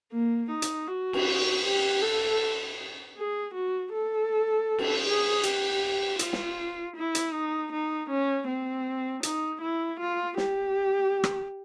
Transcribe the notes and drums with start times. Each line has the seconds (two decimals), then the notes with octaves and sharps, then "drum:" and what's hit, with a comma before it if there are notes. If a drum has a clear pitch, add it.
0.12 A#3
0.50 D#4
0.62 drum: hi-hat
0.88 F#4
1.13 drum: cymbal
1.64 G4
2.02 A4
3.17 G#4
3.54 F#4
3.93 A4
4.78 drum: cymbal
5.06 G#4
5.43 G4, drum: hi-hat
6.19 F4, drum: hi-hat
6.33 drum: snare
6.96 E4
7.15 drum: hi-hat
7.33 D#4
7.72 D#4
8.10 C#4
8.48 C4
9.23 D#4, drum: hi-hat
9.61 E4
9.99 F4
10.37 G4, drum: snare
11.24 drum: rim click